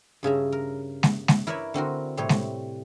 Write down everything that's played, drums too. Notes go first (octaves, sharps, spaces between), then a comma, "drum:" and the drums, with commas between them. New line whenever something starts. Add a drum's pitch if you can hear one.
G2 C#3 E5 A#5
A#4
drum: snare
drum: snare
E4 A#4 B4 C#5 D5 E5
D3 C4 F#4 A#4
A2 C3 G3 C#5
drum: snare